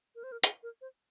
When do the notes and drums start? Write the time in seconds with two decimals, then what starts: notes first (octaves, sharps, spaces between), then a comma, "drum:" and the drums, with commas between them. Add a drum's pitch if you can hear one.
0.15 A#4
0.24 C5
0.32 A#4
0.44 G#4, drum: hi-hat
0.63 A#4
0.81 C5